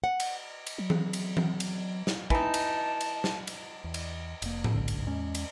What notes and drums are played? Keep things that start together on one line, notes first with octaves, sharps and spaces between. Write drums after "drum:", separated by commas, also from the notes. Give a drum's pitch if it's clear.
F#5
drum: cymbal
drum: cymbal
F#3
drum: tom E3
drum: cymbal
drum: tom E3
drum: cymbal
drum: snare
E3 D#4 A5, drum: kick
drum: cymbal
drum: cymbal
drum: snare
drum: cymbal
E2
drum: cymbal
F1 A#3, drum: cymbal
drum: tom A2
F#1 B1 G#2 D3
drum: cymbal
E2 G#3 C#4
drum: cymbal